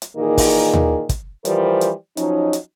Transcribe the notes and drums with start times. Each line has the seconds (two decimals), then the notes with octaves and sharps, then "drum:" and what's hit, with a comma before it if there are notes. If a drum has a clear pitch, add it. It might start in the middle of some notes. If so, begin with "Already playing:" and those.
0.02 drum: hi-hat
0.17 A#2 D#3 E3 A#3 D#4 G#4
0.38 drum: kick, open hi-hat
0.73 drum: tom D#2
1.09 drum: kick, hi-hat
1.45 E3 F3 G3 A#4 C5, drum: hi-hat
1.81 drum: hi-hat
2.17 F3 F#3 C#4 D#4, drum: hi-hat
2.53 drum: hi-hat